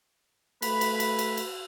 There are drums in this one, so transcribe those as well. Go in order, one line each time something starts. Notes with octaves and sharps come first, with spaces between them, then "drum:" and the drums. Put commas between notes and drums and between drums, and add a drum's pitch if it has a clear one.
A3 B4 B5, drum: cymbal
drum: cymbal
drum: cymbal
drum: cymbal
drum: cymbal